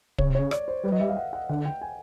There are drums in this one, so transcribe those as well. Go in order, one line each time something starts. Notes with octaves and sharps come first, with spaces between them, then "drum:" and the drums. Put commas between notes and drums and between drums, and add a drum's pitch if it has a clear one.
C#3 C#5, drum: kick
C3
C#5
C#3
D5, drum: rim click
C5
G3 B4
F#3 D#5
G3 E5
F5
F#5
F#5
D3 F#5
G5
G#5